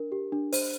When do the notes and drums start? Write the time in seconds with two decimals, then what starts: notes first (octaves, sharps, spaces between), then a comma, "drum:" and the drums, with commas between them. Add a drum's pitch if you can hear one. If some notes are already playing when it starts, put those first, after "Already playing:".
Already playing: D4 A#4
0.12 G4
0.32 D4
0.53 C5, drum: open hi-hat